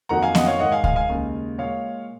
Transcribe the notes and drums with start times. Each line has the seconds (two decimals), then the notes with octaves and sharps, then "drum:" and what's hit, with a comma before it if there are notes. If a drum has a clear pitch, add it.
0.09 F2 D#3 F#3 A#3 F#5 A#5
0.22 F5 G#5
0.35 D#5 F#5, drum: snare B3
0.46 C#5 F5
0.59 G#2 D#3 G#3 D#5 F#5
0.72 F5 G#5
0.84 F5 G#5, drum: kick C#2
0.96 F5 G#5
1.09 D#2 C#3 G#3
1.58 A#2 G#3 C#5 F5